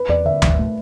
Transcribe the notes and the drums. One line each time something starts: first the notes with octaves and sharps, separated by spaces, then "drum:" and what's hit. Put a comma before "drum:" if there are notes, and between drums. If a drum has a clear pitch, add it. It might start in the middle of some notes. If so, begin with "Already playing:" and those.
Already playing: B4
E2 D5
D3 E5
F#1, drum: tom D2
A3